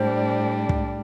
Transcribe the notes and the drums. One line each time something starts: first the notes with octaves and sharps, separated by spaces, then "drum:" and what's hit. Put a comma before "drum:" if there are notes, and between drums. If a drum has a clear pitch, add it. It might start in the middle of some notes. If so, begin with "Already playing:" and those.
Already playing: A2 G3 D4 C5
drum: kick